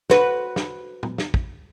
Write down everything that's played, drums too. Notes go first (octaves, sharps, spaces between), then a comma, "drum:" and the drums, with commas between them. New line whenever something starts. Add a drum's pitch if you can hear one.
F#4 B4, drum: snare
drum: snare
drum: tom
drum: snare
drum: kick